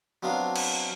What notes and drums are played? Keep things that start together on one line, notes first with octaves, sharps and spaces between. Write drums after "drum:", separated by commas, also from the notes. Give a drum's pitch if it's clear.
F#3 B3 C4 D4 F5
drum: cymbal